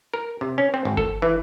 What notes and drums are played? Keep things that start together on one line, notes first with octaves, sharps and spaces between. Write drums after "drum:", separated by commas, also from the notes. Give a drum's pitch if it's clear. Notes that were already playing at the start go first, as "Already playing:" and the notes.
A#4
C3
C#4
C4
G#1
A4, drum: kick G1
E3